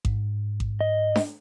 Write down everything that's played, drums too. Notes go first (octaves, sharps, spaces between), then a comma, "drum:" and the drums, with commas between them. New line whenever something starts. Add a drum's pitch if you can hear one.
G#2, drum: kick A1
drum: kick A1
D#5
drum: snare D4